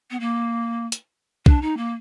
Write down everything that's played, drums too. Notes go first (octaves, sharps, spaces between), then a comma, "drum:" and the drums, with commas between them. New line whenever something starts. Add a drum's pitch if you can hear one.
B3
A#3
drum: hi-hat
D4, drum: kick
D#4
A#3